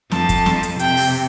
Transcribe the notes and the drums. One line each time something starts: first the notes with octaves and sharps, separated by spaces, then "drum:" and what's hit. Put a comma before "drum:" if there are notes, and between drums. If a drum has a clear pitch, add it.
F2 F3 A5, drum: snare
drum: kick, hi-hat
drum: snare
drum: hi-hat
C3 G5, drum: hi-hat
drum: open hi-hat